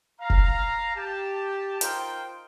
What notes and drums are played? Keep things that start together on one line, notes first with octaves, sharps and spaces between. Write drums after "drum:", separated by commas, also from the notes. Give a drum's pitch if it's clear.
F5 A#5
drum: kick F1
G4 A5
D#4 F4 A#4 C5 G5, drum: hi-hat